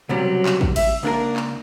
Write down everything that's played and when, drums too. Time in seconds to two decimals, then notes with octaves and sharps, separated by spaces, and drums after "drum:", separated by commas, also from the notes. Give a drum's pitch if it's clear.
0.09 C#2 C3 F#3 G3
0.46 drum: clap
0.61 drum: kick
0.76 E5, drum: cymbal
1.03 C#2 A#3 D4 A#4
1.36 drum: clap